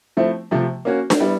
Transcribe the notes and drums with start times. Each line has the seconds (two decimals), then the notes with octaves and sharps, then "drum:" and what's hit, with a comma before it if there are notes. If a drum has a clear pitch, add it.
0.17 F3 A3 C4 E4
0.51 C3 F3 A3
0.85 A#3 C#4 F#4
1.10 drum: snare D4
1.20 G3 B3 E4